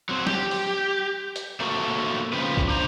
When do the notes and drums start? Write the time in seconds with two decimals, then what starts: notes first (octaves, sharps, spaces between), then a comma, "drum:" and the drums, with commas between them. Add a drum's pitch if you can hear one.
0.09 F#3 C4
0.27 G4, drum: snare
0.51 drum: open hi-hat
1.36 drum: hi-hat
1.60 A3 A#3 C4 F#4 A4
2.33 C#3 F3 C4 B4
2.57 drum: kick
2.69 D4 C5 A#5